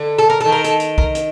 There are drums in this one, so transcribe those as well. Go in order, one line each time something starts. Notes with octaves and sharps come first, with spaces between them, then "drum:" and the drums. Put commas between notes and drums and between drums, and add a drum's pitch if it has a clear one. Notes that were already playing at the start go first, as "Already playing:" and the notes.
Already playing: D3
A4
A#4
D#3 A4
A#4
A4, drum: hi-hat
drum: hi-hat
A#4, drum: kick B1
drum: hi-hat